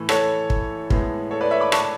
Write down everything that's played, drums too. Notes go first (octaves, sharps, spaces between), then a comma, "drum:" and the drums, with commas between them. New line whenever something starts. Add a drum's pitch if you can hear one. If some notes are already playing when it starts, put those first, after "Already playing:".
Already playing: A2 E3 A3
A4 C#5, drum: rim click
drum: kick
A2 G#3 B3, drum: kick
A4 C#5
B4 D5
C#5 E5
B5 D6
A5 C#6, drum: rim click